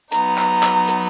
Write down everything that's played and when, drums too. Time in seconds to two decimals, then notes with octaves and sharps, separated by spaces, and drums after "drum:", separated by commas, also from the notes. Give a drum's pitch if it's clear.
0.12 F#3 B3 D#4 A#5, drum: hi-hat
0.38 drum: clap
0.63 drum: clap
0.88 drum: hi-hat